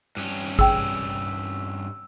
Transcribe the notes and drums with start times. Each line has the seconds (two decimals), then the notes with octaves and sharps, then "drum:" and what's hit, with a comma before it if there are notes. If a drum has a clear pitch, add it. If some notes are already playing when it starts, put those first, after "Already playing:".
0.17 G2 C#4
0.59 G#4 G5 E6, drum: kick